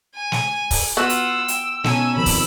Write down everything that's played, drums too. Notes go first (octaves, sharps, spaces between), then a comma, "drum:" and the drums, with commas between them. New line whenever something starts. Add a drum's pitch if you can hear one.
G#5
drum: snare
drum: kick, open hi-hat
B3 F4 F#4 F#5 E6
drum: hi-hat
G5, drum: hi-hat
B2 C#4 D#4 A4 G#5, drum: snare
C3 D#3 F3 B5
drum: kick, open hi-hat